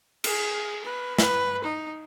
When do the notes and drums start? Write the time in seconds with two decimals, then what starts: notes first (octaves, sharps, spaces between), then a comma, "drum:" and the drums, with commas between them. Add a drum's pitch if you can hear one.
0.24 G#4, drum: cymbal
0.85 B4
1.19 B4, drum: snare
1.64 D#4